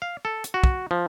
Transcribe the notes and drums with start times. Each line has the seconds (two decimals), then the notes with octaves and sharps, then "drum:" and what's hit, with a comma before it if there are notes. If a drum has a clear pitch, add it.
0.02 F5
0.25 A4
0.44 drum: hi-hat
0.54 F#4
0.64 drum: kick
0.91 F3